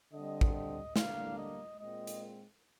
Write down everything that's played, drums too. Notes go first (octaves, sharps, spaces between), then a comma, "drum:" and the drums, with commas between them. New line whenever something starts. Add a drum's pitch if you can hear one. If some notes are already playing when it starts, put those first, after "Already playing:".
D3 G3 C4 D#5
drum: kick
D#5
D3 G3 A#3 D4 F5, drum: snare
D#5
A#2 G#3 C4 D#5
drum: hi-hat